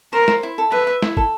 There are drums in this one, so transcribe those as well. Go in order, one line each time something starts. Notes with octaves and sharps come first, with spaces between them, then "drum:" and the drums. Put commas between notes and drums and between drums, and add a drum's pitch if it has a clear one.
A#4 C5
C5, drum: snare
E4
A4
B4 E5
E5
E4, drum: snare
A4, drum: kick